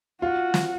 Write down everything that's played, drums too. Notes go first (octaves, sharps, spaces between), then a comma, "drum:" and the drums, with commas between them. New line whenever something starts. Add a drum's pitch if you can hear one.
F4 F#4
drum: snare